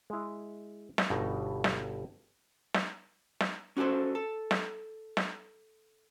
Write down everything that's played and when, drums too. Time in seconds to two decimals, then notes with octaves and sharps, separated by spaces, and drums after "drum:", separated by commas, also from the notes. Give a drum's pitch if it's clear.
0.10 G#3 E4
0.98 drum: snare
1.10 G1 G2 B2 D#4
1.64 drum: snare
2.74 drum: snare
3.41 drum: snare
3.77 C#4 F#4 G#4 A4 C5
4.15 A4
4.51 drum: snare
5.17 drum: snare